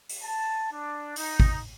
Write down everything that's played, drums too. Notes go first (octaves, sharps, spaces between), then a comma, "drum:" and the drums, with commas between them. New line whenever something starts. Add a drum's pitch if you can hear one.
drum: open hi-hat
A5
D4
D#4, drum: open hi-hat
drum: kick G#1